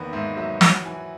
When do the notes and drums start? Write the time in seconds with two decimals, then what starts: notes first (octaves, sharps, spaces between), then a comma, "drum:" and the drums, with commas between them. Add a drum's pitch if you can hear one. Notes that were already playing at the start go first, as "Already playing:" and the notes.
Already playing: E2 D#3 A#3 B3
0.13 G#2 E5
0.37 F#3 E5
0.61 E3 F#5, drum: snare
0.85 E3 G#5